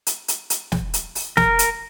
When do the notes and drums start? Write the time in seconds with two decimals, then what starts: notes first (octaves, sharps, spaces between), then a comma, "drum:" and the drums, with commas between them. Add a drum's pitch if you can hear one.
0.07 drum: hi-hat
0.28 drum: hi-hat
0.50 drum: hi-hat
0.72 drum: snare
0.94 drum: hi-hat
1.15 drum: open hi-hat
1.37 A#4, drum: snare
1.59 drum: hi-hat